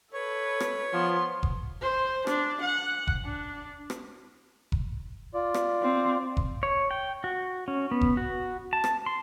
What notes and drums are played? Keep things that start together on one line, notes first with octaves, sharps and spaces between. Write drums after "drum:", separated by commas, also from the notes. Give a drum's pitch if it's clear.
A4 B4 C#5
drum: rim click
F3 B3 C6
drum: kick F1
C5
D4, drum: rim click
F#5
drum: kick F1
D4
drum: rim click
drum: kick F1
F4 D5
drum: rim click
C4
drum: kick F1
C#5
G5
F#4
C#4
B3
drum: kick F1
F#4
A5
drum: rim click
C6